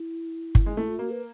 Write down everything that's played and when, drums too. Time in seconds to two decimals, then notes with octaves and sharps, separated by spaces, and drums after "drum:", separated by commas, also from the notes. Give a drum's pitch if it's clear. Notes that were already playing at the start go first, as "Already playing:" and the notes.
Already playing: E4
0.55 drum: kick G1
0.66 G#3
0.77 A3 E4
0.88 F4
0.99 A#3 F#4
1.11 B4